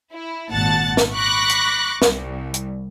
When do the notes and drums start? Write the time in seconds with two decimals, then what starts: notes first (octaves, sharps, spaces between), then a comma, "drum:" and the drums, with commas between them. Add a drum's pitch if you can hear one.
0.11 E4
0.51 G#1 A#2 F#5 A5 A6
0.97 drum: snare
1.13 B5 C#6 D6 F#6 A#6
1.49 drum: hi-hat
2.02 C2, drum: snare
2.54 drum: hi-hat